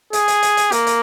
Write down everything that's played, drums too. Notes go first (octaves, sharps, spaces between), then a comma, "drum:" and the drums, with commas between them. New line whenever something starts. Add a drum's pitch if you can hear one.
G#4, drum: hi-hat
drum: hi-hat
drum: hi-hat
drum: hi-hat
A#3, drum: hi-hat
drum: hi-hat